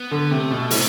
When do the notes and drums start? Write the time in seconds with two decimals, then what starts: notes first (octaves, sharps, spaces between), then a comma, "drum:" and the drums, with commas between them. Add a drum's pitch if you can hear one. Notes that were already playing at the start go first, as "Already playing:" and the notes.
Already playing: B3
0.11 D3
0.31 C3 A3
0.51 B2
0.71 A2 C3, drum: open hi-hat